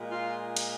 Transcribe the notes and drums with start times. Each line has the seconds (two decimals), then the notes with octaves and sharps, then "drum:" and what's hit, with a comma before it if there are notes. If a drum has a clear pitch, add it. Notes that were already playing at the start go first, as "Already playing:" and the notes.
Already playing: A#2 G#3
0.11 F4
0.57 drum: cymbal